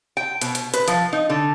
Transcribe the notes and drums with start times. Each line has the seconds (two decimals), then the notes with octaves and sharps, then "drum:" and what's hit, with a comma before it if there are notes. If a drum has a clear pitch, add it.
0.17 G5
0.41 B2, drum: hi-hat
0.55 drum: hi-hat
0.74 B4, drum: hi-hat
0.88 F3, drum: hi-hat
1.13 D#4
1.30 D3